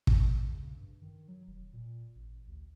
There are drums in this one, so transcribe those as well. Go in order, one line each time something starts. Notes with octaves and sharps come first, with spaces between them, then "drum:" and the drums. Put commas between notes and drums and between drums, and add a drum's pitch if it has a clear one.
C3, drum: kick
F2
C#3
G2
D#3
F#3
E1
A#2
A1
D2